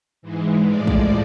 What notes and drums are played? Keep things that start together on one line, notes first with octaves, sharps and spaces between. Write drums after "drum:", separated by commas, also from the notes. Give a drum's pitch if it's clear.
G#2 E3 G#3
A2 F3 G#3 D5
drum: kick